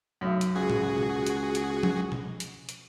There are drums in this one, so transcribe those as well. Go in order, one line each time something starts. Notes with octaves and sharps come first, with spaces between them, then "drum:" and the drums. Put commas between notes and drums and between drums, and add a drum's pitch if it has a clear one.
B1 F#2
drum: hi-hat
C#2 F#4 G#4
drum: tom
drum: tom B2
drum: hi-hat
drum: hi-hat
drum: tom F3
drum: tom B2
drum: hi-hat
drum: hi-hat